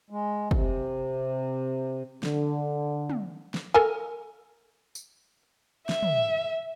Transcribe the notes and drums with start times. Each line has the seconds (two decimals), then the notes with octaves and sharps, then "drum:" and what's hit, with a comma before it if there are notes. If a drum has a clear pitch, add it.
0.10 G#3
0.51 C3, drum: kick
2.23 D3, drum: snare
3.10 drum: tom
3.54 drum: snare
3.74 A4 A#4 G#5
4.95 drum: tambourine
5.89 E5, drum: snare
6.03 drum: tom